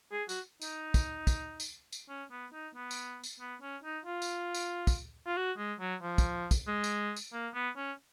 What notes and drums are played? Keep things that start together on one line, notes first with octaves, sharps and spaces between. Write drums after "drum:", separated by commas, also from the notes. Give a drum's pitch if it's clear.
G#4
F#4, drum: tambourine
D#4, drum: tambourine
drum: kick, tambourine
drum: kick, tambourine
drum: tambourine
drum: tambourine
C#4
B3
D#4
B3
drum: tambourine
drum: tambourine
B3
C#4
D#4
F4
drum: tambourine
drum: tambourine
drum: kick, tambourine
F4
F#4
G#3
F#3
F3
drum: kick, tambourine
drum: kick, tambourine
G#3
drum: tambourine
drum: tambourine
A#3
B3
C#4